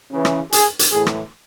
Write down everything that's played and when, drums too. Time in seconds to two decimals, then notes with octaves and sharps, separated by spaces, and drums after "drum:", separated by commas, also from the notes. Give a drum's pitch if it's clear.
0.11 C#3 E3
0.25 drum: rim click
0.52 G#4, drum: hi-hat
0.79 drum: hi-hat
0.92 A2 E3 G#4
1.06 drum: rim click